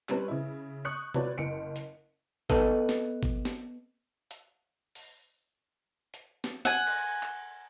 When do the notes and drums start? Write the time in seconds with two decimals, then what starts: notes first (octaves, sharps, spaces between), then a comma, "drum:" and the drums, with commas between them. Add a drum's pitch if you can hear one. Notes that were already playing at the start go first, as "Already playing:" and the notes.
0.09 G3 C4 C#4 B4, drum: clap
0.28 C#3 E4
0.85 C#6 D#6 F#6 G6 C#7
1.14 C4 F4 F#4 B4 C#5 D5, drum: tom C3
1.38 F#1 C#7 D7
1.76 drum: hi-hat
2.50 B3 A4 B4 D#5, drum: kick
2.89 drum: snare
3.23 drum: kick
3.45 drum: snare
4.31 drum: hi-hat
4.95 drum: open hi-hat
6.14 drum: hi-hat
6.44 drum: snare
6.65 F#5 G#5, drum: snare
6.87 drum: cymbal
7.23 drum: clap